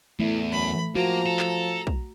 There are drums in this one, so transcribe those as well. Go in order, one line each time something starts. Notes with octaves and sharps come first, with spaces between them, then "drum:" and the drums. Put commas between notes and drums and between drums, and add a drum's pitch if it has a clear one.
E2 A3 E4
F#2 B5
F3 A#3 F#4 A#5
A4
drum: clap
drum: kick